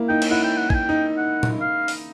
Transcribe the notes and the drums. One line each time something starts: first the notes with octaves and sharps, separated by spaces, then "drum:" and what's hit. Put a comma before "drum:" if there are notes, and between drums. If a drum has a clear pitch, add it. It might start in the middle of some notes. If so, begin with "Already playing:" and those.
Already playing: A#3 E4
D#4 G5
drum: cymbal
E4 F#5
G5
F#5
G#5, drum: kick
G5
D#4
F#5
drum: tom
F5
drum: open hi-hat